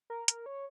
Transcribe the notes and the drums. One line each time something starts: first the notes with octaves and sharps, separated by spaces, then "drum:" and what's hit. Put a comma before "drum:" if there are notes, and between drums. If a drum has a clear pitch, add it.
A#4
A#4, drum: hi-hat
C#5